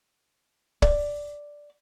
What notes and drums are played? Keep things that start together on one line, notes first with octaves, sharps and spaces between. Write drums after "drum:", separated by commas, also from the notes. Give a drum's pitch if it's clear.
D5, drum: kick